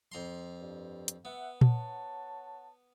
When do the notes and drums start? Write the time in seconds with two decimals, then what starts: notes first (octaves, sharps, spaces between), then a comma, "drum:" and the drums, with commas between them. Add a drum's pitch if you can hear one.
0.12 F2 A#5 C6
0.60 G2
1.08 drum: hi-hat
1.25 B3 E5 F#5
1.61 C#5 F#5 A5, drum: tom A#2